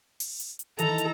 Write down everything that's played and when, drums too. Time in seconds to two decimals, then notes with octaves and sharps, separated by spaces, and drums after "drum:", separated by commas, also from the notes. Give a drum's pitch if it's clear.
0.20 drum: open hi-hat
0.40 drum: hi-hat
0.59 drum: hi-hat
0.79 D#3 E3 A4 A#5, drum: hi-hat
0.98 drum: hi-hat